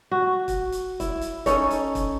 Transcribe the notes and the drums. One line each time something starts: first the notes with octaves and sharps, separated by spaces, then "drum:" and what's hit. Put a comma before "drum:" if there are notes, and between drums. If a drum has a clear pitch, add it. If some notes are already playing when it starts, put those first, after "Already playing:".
F#4
drum: kick, hi-hat
drum: hi-hat
E4, drum: kick, hi-hat
drum: hi-hat
C#4 D#4 A4 C#5, drum: kick, hi-hat
drum: hi-hat
drum: kick, hi-hat